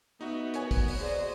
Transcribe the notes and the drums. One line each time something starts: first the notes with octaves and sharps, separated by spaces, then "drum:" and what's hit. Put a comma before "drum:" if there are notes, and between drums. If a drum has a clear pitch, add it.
B3 D#4 F#4 E5
F#4 A#4 B4 C#5 G#5, drum: hi-hat
drum: kick, open hi-hat
drum: open hi-hat
G#4 C5 D5 D#5